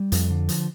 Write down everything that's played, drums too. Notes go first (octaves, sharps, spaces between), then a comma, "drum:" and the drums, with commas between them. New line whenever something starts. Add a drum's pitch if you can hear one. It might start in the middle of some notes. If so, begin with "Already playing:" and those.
Already playing: G3
F2, drum: hi-hat
D3
F3, drum: hi-hat